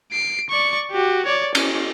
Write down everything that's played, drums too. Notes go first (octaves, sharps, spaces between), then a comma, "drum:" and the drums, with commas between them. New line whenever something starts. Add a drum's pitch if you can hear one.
C7 D7
D5 C#6
F#4 G4
C#5 D5
C#4, drum: cymbal